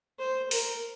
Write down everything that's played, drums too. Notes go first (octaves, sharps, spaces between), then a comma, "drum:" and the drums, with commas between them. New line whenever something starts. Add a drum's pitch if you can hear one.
C5
A#4, drum: open hi-hat